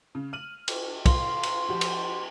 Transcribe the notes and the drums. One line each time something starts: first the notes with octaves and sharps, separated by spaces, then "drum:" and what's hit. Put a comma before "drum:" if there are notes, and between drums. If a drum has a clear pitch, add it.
C#3
F6 D#7 F#7
drum: cymbal
F4 C6, drum: kick, cymbal
drum: cymbal
F3 F#4 G4
drum: cymbal